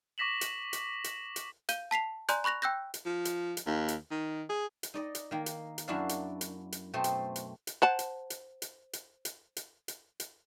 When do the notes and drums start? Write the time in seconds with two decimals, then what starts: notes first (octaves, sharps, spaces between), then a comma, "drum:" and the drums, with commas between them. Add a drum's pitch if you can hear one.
0.18 C#6 D6 A#6 B6 E7 F#7
0.41 drum: hi-hat
0.73 drum: hi-hat
1.04 drum: hi-hat
1.36 drum: hi-hat
1.69 F5 G6 D#7 G7, drum: hi-hat
1.91 A5 B6 C7 F7
2.29 D5 G#5 A#5 C6 F#6 G6, drum: hi-hat
2.44 B5 C#6 F#6 A#6 F7
2.62 G5 E6 F#6 G6 A#6
2.94 drum: hi-hat
3.06 F3
3.25 drum: hi-hat
3.57 drum: hi-hat
3.66 D#2
3.88 drum: hi-hat
4.11 D#3
4.50 G#4
4.83 drum: hi-hat
4.94 D#4 D5 D#5
5.15 drum: hi-hat
5.31 D#3 A#3
5.46 drum: hi-hat
5.78 drum: hi-hat
5.88 F#2 D4 E4 F#4 D5 F5
6.09 drum: hi-hat
6.41 drum: hi-hat
6.72 drum: hi-hat
6.94 B2 A3 C4 C5 A5
7.04 drum: hi-hat
7.36 drum: hi-hat
7.67 drum: hi-hat
7.82 C5 F#5 A5
7.99 drum: hi-hat
8.30 drum: hi-hat
8.62 drum: hi-hat
8.93 drum: hi-hat
9.25 drum: hi-hat
9.57 drum: hi-hat
9.88 drum: hi-hat
10.20 drum: hi-hat